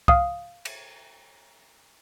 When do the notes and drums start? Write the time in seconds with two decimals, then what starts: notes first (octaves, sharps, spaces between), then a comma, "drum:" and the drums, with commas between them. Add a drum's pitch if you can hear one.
0.08 F5 D#6, drum: kick C2
0.65 drum: cymbal